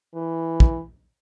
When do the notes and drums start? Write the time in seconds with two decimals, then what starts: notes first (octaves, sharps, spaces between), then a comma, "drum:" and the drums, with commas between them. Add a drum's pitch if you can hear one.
0.15 E3
0.60 drum: kick